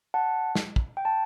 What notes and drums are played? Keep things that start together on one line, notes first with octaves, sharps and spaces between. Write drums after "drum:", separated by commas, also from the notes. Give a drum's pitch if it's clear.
F#5 A5
drum: snare
drum: kick
G5
A5